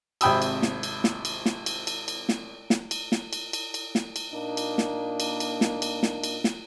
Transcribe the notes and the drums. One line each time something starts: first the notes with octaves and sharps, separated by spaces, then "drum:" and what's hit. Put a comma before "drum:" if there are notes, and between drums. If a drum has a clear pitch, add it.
G#1 C3 G5 B5 D#6 E6, drum: cymbal
drum: cymbal
drum: snare
drum: cymbal
drum: snare
drum: cymbal
drum: snare
drum: cymbal
drum: cymbal
drum: cymbal
drum: snare
drum: snare
drum: cymbal
drum: snare
drum: cymbal
drum: cymbal
drum: cymbal
drum: snare
drum: cymbal
A#2 A#3 D4 D#4
drum: cymbal
drum: snare
drum: cymbal
drum: cymbal
drum: snare
drum: cymbal
drum: snare
drum: cymbal
drum: snare